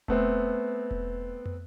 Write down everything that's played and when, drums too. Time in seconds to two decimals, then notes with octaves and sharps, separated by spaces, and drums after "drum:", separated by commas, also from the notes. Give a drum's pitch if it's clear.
0.08 A3 B3 C4, drum: kick E1
0.91 drum: kick E1
1.46 drum: tom